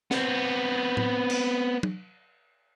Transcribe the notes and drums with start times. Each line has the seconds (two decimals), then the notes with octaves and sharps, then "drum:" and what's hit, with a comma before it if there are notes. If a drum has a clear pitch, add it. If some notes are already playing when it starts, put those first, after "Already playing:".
0.11 B3 C4, drum: snare
0.97 drum: tom A2
1.30 drum: cymbal
1.83 drum: tom